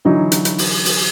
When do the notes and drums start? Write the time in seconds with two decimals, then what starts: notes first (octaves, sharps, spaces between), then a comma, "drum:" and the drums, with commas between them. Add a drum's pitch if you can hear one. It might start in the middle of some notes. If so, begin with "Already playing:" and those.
0.05 D3 E3 F#3 D#4
0.32 drum: hi-hat
0.45 drum: hi-hat
0.58 drum: open hi-hat
0.85 drum: open hi-hat